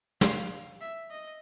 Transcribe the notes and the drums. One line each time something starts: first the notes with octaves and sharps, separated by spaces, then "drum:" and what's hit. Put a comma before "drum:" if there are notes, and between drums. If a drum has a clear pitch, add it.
F5, drum: snare
E5
D#5